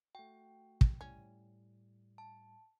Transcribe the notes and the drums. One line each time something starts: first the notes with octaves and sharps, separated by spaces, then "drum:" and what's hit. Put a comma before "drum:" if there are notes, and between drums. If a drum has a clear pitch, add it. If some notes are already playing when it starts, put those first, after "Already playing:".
A3 F#4 G5
drum: kick
A2 G3 C#4
A5